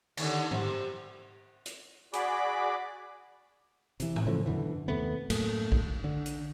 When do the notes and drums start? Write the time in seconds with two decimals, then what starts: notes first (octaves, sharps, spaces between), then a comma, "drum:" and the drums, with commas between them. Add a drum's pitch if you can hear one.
0.17 D#2 D3, drum: cymbal
0.51 C3, drum: tom G#2
1.66 drum: hi-hat
2.13 F#4 G#4 D5 B5 D6, drum: hi-hat
4.00 C3 E3, drum: hi-hat
4.16 drum: tom
4.26 C#3 E3 F3 A3
4.46 F#2 B2 D3 E3
4.88 D#2 C3 A3 B3
5.30 F#2 A2 A3 A#3, drum: cymbal
5.72 drum: kick A#1
6.04 D3
6.26 drum: hi-hat